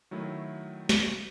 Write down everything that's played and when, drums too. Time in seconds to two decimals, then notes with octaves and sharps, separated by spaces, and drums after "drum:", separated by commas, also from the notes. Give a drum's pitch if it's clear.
0.11 D#3 F#3 A3 E4
0.89 drum: snare